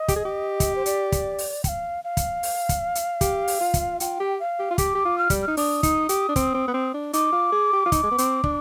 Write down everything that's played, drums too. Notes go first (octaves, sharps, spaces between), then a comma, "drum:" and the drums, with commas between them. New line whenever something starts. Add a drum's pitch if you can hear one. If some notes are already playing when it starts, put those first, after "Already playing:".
Already playing: D#5
G4, drum: kick, hi-hat
G#4
G4
drum: kick, hi-hat
C5
D5, drum: hi-hat
drum: kick, hi-hat
drum: open hi-hat
G5, drum: kick, hi-hat
F5
F5
drum: kick, hi-hat
drum: open hi-hat
drum: kick, hi-hat
drum: hi-hat
G4, drum: kick, hi-hat
drum: open hi-hat
F4
drum: kick, hi-hat
F4 G5, drum: hi-hat
G4
F5
G4
F4
G4 D6, drum: kick, hi-hat
G4
F4
F6
G3, drum: kick, hi-hat
F6
D#4
D4 D#6, drum: open hi-hat
D#4, drum: kick, hi-hat
G4, drum: hi-hat
D4
C4, drum: kick, hi-hat
C4
B3
C4
D4
D#4 D6, drum: hi-hat
F4
G#4
G4
F4
D#4, drum: kick, hi-hat
G#3
B3
C4, drum: hi-hat
D4, drum: kick